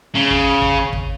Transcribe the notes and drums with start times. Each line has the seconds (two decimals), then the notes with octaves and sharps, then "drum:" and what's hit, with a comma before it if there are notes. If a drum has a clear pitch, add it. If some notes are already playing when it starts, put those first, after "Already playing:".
0.15 C#3
0.30 drum: kick
0.62 drum: kick
0.93 drum: kick